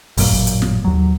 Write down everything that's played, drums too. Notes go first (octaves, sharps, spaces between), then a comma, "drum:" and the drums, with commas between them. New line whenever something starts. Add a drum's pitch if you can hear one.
A1 F#2 A#2, drum: open hi-hat
drum: kick
drum: hi-hat
drum: snare
D#2 F#3